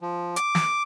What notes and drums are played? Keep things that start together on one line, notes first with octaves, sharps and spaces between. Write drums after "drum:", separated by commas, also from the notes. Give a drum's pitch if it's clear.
F3
D6, drum: hi-hat
drum: snare